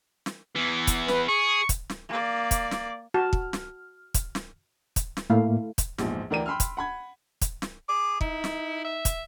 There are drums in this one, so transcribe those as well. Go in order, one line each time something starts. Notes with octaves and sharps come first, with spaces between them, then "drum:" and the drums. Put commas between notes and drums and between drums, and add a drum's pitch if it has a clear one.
drum: snare
E2 E3
drum: kick, hi-hat
B4, drum: snare
G#4 C#6
drum: kick, hi-hat
drum: snare
A#3 D5
drum: kick, hi-hat
drum: snare
F#4 A5 F6
drum: kick
drum: snare
drum: kick, hi-hat
drum: snare
drum: kick, hi-hat
drum: snare
A2 A3 A#3 E4 F5
drum: kick, hi-hat
A#1 E2 G#2 F3, drum: snare
D2 E3 A#4 D5 G5 D#7
G5 B5 C6 E6 F6
drum: kick, hi-hat
F#5 B5 G#6
drum: kick, hi-hat
drum: snare
G#4 D6
D#4 E4, drum: kick
drum: snare
E5
drum: kick, hi-hat